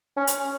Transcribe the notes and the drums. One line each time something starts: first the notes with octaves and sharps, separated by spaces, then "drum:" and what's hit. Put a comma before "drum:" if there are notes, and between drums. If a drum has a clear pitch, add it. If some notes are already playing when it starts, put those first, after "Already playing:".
C#4
drum: hi-hat